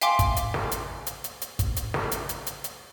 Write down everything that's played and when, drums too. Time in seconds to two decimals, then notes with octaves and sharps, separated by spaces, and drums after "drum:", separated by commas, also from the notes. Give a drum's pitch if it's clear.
0.01 E5 F5 G5 G#5 C6 D6, drum: hi-hat
0.19 drum: kick, hi-hat
0.36 drum: hi-hat
0.54 drum: snare
0.71 drum: hi-hat
1.07 drum: hi-hat
1.24 drum: hi-hat
1.42 drum: hi-hat
1.59 drum: kick, hi-hat
1.77 drum: hi-hat
1.94 drum: snare
2.12 drum: hi-hat
2.29 drum: hi-hat
2.47 drum: hi-hat
2.64 drum: hi-hat